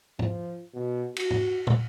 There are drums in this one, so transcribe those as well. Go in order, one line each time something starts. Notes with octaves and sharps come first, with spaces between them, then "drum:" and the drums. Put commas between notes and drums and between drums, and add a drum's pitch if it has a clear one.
F3, drum: tom G#2
B2
F#4, drum: cymbal
drum: tom G#2
drum: tom